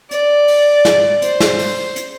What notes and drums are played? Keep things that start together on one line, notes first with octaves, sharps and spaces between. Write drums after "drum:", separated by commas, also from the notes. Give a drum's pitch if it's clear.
D5, drum: hi-hat
drum: open hi-hat
drum: snare
C5, drum: hi-hat
drum: snare
drum: open hi-hat
drum: hi-hat